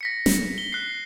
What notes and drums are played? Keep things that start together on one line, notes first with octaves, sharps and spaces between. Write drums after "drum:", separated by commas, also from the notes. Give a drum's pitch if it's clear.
A#6 B6 C#7
drum: snare
G7
F#6 C7